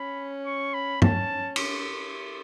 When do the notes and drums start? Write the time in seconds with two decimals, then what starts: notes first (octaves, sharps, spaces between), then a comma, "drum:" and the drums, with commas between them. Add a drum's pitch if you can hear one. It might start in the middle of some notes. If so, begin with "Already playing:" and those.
Already playing: C#4 B5
0.46 C#6
0.74 B5
1.02 C#4 A5, drum: tom
1.56 drum: cymbal